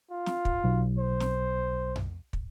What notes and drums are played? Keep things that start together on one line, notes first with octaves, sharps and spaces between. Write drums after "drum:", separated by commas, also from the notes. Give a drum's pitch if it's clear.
F4
drum: snare
drum: kick
B1
C5
drum: snare
drum: tom F2
drum: kick